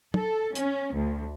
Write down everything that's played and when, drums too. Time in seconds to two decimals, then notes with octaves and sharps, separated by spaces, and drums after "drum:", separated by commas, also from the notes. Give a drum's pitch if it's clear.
0.14 A4, drum: tom
0.55 C#4, drum: hi-hat
0.94 D2